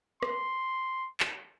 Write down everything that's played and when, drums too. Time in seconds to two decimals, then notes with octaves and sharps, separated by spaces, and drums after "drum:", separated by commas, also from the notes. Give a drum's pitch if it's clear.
0.23 C6, drum: rim click
1.20 drum: clap